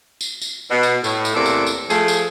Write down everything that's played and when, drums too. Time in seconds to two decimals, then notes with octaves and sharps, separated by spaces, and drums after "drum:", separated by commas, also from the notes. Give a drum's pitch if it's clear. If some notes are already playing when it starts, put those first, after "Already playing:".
0.21 drum: tambourine
0.42 drum: tambourine
0.70 B2
0.83 drum: tambourine
1.04 A2, drum: tambourine
1.25 drum: tambourine
1.35 E2 A2 C3 A#3 A4 D5
1.46 drum: tambourine
1.67 drum: tambourine
1.90 F3 A3 G#4, drum: tambourine
2.08 drum: tambourine